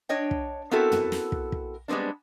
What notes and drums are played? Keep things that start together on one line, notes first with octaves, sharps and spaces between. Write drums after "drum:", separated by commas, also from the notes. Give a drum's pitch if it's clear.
D4 C#5 D#5 G5
drum: kick
B3 C4 E4 F#4 A4 A#4
drum: tom
drum: snare
drum: kick
drum: kick
G3 G#3 B3 C4 D4